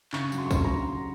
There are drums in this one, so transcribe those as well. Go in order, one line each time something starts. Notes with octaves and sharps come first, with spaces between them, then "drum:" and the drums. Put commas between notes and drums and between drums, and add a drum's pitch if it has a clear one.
C#3 C#6, drum: clap
F#3, drum: tambourine
C6
C#6
C#3 C6, drum: kick, tambourine
A#5